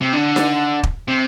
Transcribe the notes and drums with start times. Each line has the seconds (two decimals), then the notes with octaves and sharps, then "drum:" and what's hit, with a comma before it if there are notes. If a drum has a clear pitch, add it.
0.01 C3
0.13 D3
0.36 drum: snare D#4
0.83 drum: kick
1.08 C3